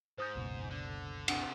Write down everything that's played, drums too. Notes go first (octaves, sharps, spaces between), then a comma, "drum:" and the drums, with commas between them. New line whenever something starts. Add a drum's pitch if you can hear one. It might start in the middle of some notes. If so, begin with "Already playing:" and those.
G#2 C5 D#6 G6
F#1 C#2 B2
D3
C3 E3 D4 F#5 D7, drum: cymbal